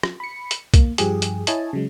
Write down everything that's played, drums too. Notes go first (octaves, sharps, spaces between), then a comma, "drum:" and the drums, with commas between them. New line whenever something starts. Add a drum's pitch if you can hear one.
drum: rim click
B5 C#7
drum: hi-hat
A#3, drum: kick B1, hi-hat
G2 F3 G4 G#4, drum: hi-hat
drum: hi-hat
E4 C#5 D#5 G#5 A5, drum: hi-hat
C#3 F#3 G#3